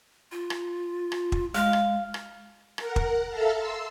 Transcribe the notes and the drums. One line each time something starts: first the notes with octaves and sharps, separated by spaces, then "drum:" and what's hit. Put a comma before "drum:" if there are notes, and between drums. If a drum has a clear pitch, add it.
F4
drum: rim click
drum: rim click
drum: kick
G#3 F5
drum: rim click
drum: rim click
A#4 F#5, drum: rim click
drum: kick
A4 E5 F5 A5 A#5
C6 E6